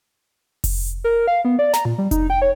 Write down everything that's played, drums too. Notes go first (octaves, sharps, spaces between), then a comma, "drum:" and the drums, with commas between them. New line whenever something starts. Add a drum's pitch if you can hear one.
drum: kick F1, open hi-hat
A#4
F5
B3
D5
A#5, drum: snare
A#2
G3
D#4, drum: kick F1, hi-hat
G5
C#5